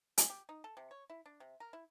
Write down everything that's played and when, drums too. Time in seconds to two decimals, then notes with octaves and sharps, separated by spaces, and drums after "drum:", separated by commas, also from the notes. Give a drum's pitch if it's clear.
0.18 G#5, drum: hi-hat
0.30 G4
0.49 D#4
0.64 A4
0.77 C3
0.91 C#5
1.10 E4
1.26 D4
1.40 C3
1.60 A#4
1.73 E4